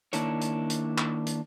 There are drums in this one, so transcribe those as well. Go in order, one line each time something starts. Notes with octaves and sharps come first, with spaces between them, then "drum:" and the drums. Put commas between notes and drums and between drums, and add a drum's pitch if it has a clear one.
D#3 A#3 D4 E4 C#5, drum: hi-hat
drum: hi-hat
drum: hi-hat
drum: clap
drum: hi-hat